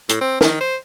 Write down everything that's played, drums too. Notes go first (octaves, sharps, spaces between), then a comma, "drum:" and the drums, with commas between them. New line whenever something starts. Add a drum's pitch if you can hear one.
A2, drum: hi-hat
C4
D#3, drum: snare
C5